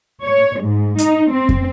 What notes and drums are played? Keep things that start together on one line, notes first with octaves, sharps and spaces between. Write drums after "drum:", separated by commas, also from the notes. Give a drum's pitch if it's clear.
C#5
G#2
D#4, drum: hi-hat
C4
drum: kick F2